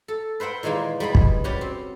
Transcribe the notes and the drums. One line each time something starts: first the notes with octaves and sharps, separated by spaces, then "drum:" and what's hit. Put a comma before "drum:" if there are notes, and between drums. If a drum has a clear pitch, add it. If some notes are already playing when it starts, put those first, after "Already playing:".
A4
B4 C5 E5 F#5 G5
A#2 D#3 E3 G#3 A#3
G3 G#3 B3 B5
drum: kick
C#4 F#4 G4 B4 D5
C4